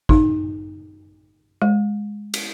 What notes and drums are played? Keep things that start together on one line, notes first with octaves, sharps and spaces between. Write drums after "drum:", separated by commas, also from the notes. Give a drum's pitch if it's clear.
D#4, drum: kick
G#3
drum: cymbal